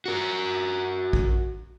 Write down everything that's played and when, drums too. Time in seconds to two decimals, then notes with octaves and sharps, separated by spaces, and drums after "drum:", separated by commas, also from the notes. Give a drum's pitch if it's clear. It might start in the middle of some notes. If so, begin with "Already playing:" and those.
0.06 F#4 A#4
1.13 drum: kick